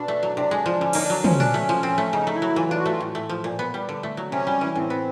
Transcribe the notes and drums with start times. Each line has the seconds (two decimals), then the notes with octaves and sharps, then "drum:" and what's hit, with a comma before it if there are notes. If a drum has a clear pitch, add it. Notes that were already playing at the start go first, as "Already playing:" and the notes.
Already playing: B2 D4
0.08 A3
0.23 F#3
0.36 C3 D4
0.51 G#3
0.66 F3
0.80 D3 C#4
0.93 A#3 D#4, drum: cymbal
1.02 D4
1.10 F#3
1.24 F3 C#4, drum: tom
1.40 D4
1.54 A3
1.69 F3
1.83 C4
1.98 A3
2.13 C#3 D#4
2.27 A3
2.34 E4
2.42 F#3
2.56 E3 F4
2.68 D4 F4
2.79 F#4
2.86 A3 F4
3.00 A2
3.15 A3
3.29 F3
3.44 A#2
3.59 B3
3.74 G3
3.89 D3
4.03 A3
4.17 F#3
4.32 C3 C#4
4.47 G3
4.61 E3
4.75 A2 C4
4.90 B3